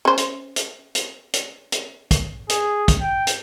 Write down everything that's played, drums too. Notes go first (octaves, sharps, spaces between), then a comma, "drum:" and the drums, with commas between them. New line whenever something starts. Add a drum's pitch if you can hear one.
C#4 C5
drum: hi-hat
drum: hi-hat
drum: hi-hat
drum: hi-hat
drum: hi-hat
drum: kick, hi-hat
G#4, drum: hi-hat
drum: kick, hi-hat
G5
drum: hi-hat